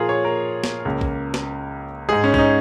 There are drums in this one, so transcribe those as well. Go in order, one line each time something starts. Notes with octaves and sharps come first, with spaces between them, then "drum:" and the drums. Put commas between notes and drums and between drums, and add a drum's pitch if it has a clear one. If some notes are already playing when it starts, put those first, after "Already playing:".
Already playing: A#2 F3 A#3 F4 G#4 A#4
C#5
A#4
drum: snare
C#2 C#3 A#3
drum: kick A#1
drum: snare
G#2 G#3 G#4
C#4
C#4, drum: kick A#1
D#4